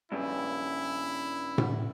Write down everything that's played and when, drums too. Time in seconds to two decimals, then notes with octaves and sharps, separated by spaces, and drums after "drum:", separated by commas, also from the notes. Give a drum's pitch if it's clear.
0.12 G2 C#3 E4
1.58 drum: tom A2